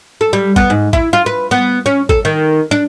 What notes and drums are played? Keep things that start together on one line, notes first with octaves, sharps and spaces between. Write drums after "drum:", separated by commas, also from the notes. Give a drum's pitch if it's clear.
A4
G3
B3, drum: kick A1
G#2
E4, drum: kick A1
F4
B4
B3
C#4
A4, drum: kick A1
D#3
D4